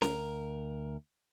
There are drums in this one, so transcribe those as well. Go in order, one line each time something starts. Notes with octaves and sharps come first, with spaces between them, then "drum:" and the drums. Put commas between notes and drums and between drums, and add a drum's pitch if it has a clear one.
D2 A#4, drum: snare C#4